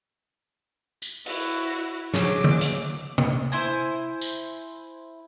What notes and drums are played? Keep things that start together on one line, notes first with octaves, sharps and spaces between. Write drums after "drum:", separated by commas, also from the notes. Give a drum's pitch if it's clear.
drum: tambourine
E4 F#4, drum: open hi-hat
C#3 F#3 D6, drum: snare
drum: tom
drum: hi-hat
drum: tom
E4 C5 G#5
drum: tambourine